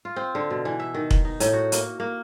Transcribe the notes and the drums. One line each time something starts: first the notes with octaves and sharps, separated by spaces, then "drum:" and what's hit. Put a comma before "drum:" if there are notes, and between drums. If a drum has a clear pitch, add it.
F4
C4
D3
B2
E3
E5
D#3
drum: kick
D#4
A2, drum: hi-hat
F#4
A#3, drum: hi-hat
A#3